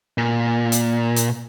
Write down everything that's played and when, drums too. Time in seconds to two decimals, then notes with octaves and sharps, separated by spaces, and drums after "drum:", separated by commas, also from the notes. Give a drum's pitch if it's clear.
0.18 A#2
0.72 drum: hi-hat
1.16 drum: hi-hat